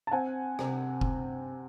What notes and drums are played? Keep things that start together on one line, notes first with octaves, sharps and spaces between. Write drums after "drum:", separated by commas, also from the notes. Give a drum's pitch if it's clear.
A5
C4 F#5 G#5
C3, drum: rim click
drum: kick F1